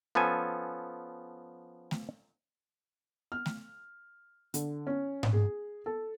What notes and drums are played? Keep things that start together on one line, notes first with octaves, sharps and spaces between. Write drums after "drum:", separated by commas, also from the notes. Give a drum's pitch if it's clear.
F3 B3 C#4 A4 G#5
drum: snare A3
F6
drum: snare A3
D3, drum: hi-hat
C#4
drum: tom G#2
G#4
A4